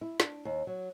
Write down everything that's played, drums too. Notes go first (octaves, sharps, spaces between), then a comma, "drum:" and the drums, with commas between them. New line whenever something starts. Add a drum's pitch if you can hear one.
E4
D4, drum: snare
D#2
F#3